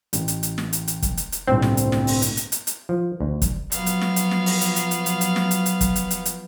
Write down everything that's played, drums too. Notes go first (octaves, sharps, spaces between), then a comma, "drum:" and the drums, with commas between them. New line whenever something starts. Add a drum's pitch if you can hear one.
A1, drum: hi-hat
drum: hi-hat
drum: hi-hat
drum: snare
drum: hi-hat
drum: hi-hat
drum: kick, hi-hat
drum: hi-hat
drum: hi-hat
G1 C2 A2 C4
drum: snare
drum: hi-hat
drum: snare
drum: open hi-hat
drum: hi-hat
drum: hi-hat
drum: hi-hat
drum: hi-hat
F3
D2
drum: kick, hi-hat
F3 F#3 B3 F5, drum: hi-hat
drum: hi-hat
drum: snare
drum: hi-hat
drum: snare
drum: open hi-hat
drum: hi-hat
drum: hi-hat
drum: hi-hat
drum: hi-hat
drum: hi-hat
drum: snare
drum: hi-hat
drum: hi-hat
drum: kick, hi-hat
drum: hi-hat
drum: hi-hat
drum: hi-hat